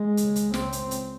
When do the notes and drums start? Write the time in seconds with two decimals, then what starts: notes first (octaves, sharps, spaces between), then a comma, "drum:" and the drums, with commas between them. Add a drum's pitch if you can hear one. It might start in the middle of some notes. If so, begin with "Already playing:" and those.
Already playing: G#3
0.17 D#2 C#3, drum: hi-hat
0.36 drum: hi-hat
0.54 C#2 C#3 C4, drum: snare
0.72 drum: hi-hat
0.91 drum: hi-hat